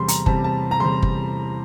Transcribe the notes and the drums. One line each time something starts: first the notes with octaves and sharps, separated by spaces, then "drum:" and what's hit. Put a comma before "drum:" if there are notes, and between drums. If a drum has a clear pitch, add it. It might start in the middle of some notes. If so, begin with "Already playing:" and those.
Already playing: E2 C3 G3 C6
A#5, drum: hi-hat
E2 C3 G3 A5, drum: kick F#1
A5
A#5
E2 C3 G3 C6
drum: kick F#1